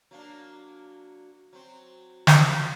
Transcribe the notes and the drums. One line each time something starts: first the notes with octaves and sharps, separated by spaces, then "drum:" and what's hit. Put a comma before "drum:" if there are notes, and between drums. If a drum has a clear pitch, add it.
F#3 A#3 D4
F#3 C4
F#3 D4, drum: snare